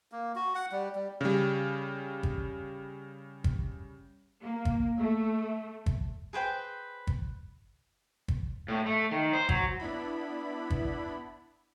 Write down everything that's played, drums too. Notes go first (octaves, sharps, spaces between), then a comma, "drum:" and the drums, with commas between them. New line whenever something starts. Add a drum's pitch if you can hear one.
A#3
F#4
F#5
G3
G3
C#3 G3
drum: kick
drum: kick
A#3
drum: kick
A3
drum: kick
G#4 B4 C5 G5
drum: kick
drum: kick
A2
A3
D#3
C5
F#3, drum: kick
B3 D4 E4 B5
drum: kick